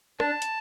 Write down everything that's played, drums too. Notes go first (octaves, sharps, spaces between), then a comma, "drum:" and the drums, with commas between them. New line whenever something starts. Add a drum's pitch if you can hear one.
D4 A5, drum: rim click
drum: hi-hat